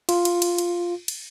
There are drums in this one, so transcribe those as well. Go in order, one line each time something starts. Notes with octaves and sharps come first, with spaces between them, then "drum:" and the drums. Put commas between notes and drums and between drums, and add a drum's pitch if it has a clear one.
F4, drum: cymbal
drum: cymbal
drum: cymbal
drum: cymbal
drum: cymbal